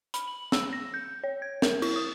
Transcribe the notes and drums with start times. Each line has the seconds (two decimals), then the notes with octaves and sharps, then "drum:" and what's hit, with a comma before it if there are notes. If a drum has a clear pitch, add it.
0.14 B5, drum: hi-hat
0.27 F#7
0.52 E6, drum: snare
0.73 A#6
0.94 G6
1.24 C#5
1.42 G#6
1.62 A#4, drum: snare
1.82 E4, drum: cymbal
1.96 D#6